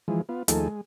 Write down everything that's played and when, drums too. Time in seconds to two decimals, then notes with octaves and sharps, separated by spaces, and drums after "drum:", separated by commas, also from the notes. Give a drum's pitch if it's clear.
0.08 E3 F3 G#3
0.29 B3 F4
0.48 D#2 F3 A3 D#4 G#4 A4, drum: hi-hat
0.68 G#3